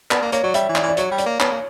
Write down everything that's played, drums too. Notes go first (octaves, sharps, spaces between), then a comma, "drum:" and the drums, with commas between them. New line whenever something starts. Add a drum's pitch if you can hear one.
B3 D5, drum: clap
A#3
A#3 C#5, drum: hi-hat
F#3 D5
G3 E5, drum: hi-hat
E3
D5, drum: clap
E3
D5
F#3 C#5, drum: hi-hat
G3
D5, drum: hi-hat
A#3
B3 C#5, drum: clap
A#3